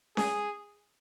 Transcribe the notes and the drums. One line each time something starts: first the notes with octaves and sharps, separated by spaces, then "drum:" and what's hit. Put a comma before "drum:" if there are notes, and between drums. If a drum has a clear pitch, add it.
G#4, drum: snare C#4